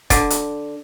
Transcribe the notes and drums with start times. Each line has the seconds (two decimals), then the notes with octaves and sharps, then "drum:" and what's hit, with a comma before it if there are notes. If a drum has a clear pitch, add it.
0.10 D3, drum: kick, hi-hat
0.30 drum: hi-hat